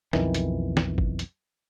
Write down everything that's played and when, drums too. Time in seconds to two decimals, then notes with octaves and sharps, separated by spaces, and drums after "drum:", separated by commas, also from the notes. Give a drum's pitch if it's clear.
0.13 B1 F2 D#3 E3, drum: snare
0.34 drum: hi-hat
0.77 drum: snare
0.98 drum: kick G1
1.19 drum: hi-hat